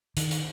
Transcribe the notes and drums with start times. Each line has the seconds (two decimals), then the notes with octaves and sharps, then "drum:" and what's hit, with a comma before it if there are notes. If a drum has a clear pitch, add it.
0.17 D#3, drum: hi-hat
0.31 drum: hi-hat